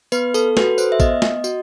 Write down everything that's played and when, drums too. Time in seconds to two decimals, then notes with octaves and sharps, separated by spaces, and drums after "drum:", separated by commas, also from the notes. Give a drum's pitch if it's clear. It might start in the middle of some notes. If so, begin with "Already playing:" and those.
0.12 B3 B4, drum: tambourine
0.34 A4, drum: tambourine
0.57 F#4 A4 B4, drum: snare
0.78 C5, drum: tambourine
0.92 E5
1.00 B3 D#5, drum: kick A1, tambourine
1.22 drum: snare
1.44 F#4, drum: tambourine